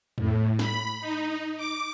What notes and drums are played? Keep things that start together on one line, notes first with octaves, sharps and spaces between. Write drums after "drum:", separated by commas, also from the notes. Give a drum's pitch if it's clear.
A2, drum: tom E2
B5, drum: snare
D#4
D6